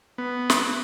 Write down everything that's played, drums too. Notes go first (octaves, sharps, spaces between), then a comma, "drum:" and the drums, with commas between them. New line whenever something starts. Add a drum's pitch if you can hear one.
B3
drum: snare